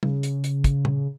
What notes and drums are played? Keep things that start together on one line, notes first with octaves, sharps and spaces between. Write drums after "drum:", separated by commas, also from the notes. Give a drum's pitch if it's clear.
C#3, drum: tom
drum: hi-hat
drum: hi-hat
drum: kick, hi-hat
drum: tom A#2